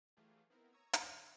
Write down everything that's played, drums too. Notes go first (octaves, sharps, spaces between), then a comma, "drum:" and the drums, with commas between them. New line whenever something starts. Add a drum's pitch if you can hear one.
E3 F#3 A3 F4 G4 G#4
B3 C4 D#4 E4 A#4
C#5 A#5 C#6 D#6 E6 G#6
G#1 F2 D3 D#5 F6 F#6, drum: hi-hat
D3 F#3 D7